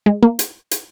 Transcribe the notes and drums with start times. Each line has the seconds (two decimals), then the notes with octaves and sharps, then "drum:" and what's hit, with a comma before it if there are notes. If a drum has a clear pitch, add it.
0.06 G#3
0.23 A#3
0.39 drum: hi-hat
0.71 drum: hi-hat